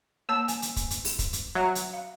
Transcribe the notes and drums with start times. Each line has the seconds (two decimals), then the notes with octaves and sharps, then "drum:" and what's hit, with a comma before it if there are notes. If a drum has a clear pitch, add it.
0.29 A#3 C#5 A5 E6
0.48 G#5, drum: hi-hat
0.62 drum: hi-hat
0.76 drum: kick, hi-hat
0.90 drum: hi-hat
1.05 drum: open hi-hat
1.19 drum: kick, hi-hat
1.33 drum: hi-hat
1.55 F#3 E5
1.75 drum: hi-hat
1.93 F5